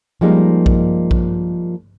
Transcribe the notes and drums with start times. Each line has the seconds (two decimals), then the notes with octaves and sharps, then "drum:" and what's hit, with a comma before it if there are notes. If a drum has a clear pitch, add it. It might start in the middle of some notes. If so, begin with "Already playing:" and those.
0.21 F3 G3 G#3 A#3 D#4
0.66 drum: kick A#1
1.11 drum: kick A#1